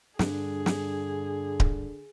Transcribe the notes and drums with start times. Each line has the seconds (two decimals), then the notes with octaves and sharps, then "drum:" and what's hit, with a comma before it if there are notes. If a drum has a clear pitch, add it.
0.19 G2 D3 D4 G#4, drum: snare
0.66 drum: snare
1.60 drum: kick D1